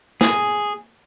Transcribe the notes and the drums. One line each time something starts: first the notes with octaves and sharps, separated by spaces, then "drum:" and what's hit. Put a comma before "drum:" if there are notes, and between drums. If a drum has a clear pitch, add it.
G#4, drum: snare